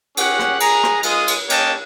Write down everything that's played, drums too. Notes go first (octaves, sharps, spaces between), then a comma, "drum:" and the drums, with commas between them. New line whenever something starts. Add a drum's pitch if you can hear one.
C#4 G4 G#4 F#5, drum: cymbal
drum: rim click
G#4 A#5, drum: cymbal
drum: rim click
G#3 F4 G#4 D#5 D#6, drum: cymbal
drum: cymbal
A#3 C#4 C#5 D#5 G5 A5, drum: cymbal